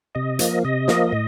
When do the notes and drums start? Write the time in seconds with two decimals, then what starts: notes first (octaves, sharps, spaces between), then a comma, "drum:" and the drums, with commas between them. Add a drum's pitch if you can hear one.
0.15 C3 D#5
0.39 F3 A#3, drum: hi-hat
0.65 C3 D#5
0.88 F3 A#3, drum: snare
1.13 A2